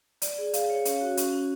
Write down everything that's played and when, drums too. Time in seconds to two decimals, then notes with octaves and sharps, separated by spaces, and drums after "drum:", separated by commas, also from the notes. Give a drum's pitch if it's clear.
0.22 D5, drum: hi-hat
0.38 G#4
0.54 F5, drum: hi-hat
0.70 C#5
0.85 C#4, drum: hi-hat
1.01 F#4
1.17 C#4, drum: hi-hat
1.33 C#4